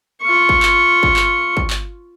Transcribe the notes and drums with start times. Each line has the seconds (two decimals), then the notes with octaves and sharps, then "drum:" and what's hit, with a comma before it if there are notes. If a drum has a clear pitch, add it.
0.22 F4 C#6
0.49 drum: kick
0.63 drum: clap
1.03 drum: kick
1.16 drum: clap
1.57 drum: kick
1.70 drum: clap